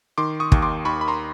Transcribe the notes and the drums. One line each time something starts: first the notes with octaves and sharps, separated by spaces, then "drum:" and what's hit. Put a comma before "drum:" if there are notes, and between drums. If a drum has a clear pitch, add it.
D#3 C6 D6
C#6 D#6
D#2, drum: kick
C6 D6
D#2 B5 C#6
B5
A#5 C6